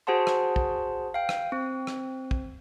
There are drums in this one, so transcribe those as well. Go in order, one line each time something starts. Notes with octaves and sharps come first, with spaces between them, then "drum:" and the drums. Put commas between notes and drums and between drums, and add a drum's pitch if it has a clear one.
F#4 G#4 C5 F#5 A5 C6
drum: rim click
drum: kick
F5 G5
drum: rim click
C4
drum: rim click
drum: kick